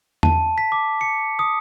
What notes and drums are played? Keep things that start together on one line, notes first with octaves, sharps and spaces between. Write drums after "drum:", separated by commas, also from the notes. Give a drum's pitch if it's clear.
A5, drum: tom E2
B6
D6
C#7
D#6